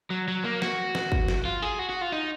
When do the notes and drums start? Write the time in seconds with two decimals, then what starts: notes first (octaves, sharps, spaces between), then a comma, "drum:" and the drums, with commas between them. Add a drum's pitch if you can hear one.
0.10 F#3
0.28 F#3
0.44 A#3
0.62 F#4, drum: snare
0.95 drum: snare
1.12 drum: kick
1.28 drum: snare
1.45 F4
1.62 G#4
1.79 F#4
1.89 F#4
2.01 F4
2.12 D#4